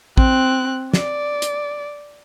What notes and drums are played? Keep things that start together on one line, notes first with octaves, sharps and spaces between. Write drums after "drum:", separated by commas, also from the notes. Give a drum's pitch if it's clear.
C4 F#6, drum: kick
D5, drum: snare
drum: hi-hat